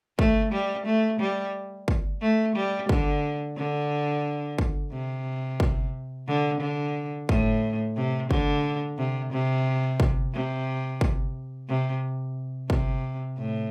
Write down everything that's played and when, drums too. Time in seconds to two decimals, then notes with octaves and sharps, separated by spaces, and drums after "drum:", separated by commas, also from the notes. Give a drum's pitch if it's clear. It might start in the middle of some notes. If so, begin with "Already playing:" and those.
0.19 A3, drum: kick
0.52 G3
0.86 A3
1.20 G3
1.88 drum: kick
2.21 A3
2.56 G3
2.89 D3, drum: kick
3.57 D3
4.58 drum: kick
4.92 C3
5.60 drum: kick
6.28 D3
6.61 D3
7.29 A2, drum: kick
7.96 C3
8.31 D3, drum: kick
8.98 C3
9.33 C3
10.00 drum: kick
10.34 C3
11.01 drum: kick
11.69 C3
12.70 C3, drum: kick
13.38 A2